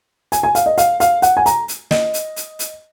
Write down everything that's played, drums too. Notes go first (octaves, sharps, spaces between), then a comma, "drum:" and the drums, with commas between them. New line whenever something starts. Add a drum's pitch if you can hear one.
G#5, drum: hi-hat
G#5
F5, drum: hi-hat
D#5
F5, drum: hi-hat
F5, drum: hi-hat
F#5, drum: hi-hat
G#5
A#5, drum: hi-hat
drum: hi-hat
D#5, drum: snare
drum: hi-hat
drum: hi-hat
drum: hi-hat